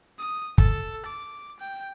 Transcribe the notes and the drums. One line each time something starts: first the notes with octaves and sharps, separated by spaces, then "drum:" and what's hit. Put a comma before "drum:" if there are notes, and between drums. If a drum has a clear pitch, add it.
D#6
A4, drum: kick
D6
G5